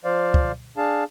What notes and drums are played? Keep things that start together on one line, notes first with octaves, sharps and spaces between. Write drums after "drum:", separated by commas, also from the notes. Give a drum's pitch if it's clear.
F3 C5 D5 F5
drum: kick
D4 G#4 F5 A5